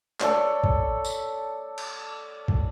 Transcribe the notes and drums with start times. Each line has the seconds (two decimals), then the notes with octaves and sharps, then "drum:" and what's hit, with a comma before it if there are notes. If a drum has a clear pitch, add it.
0.20 A4 C#5 D5, drum: clap
0.64 drum: kick
1.05 drum: tambourine
1.78 drum: cymbal
2.48 drum: kick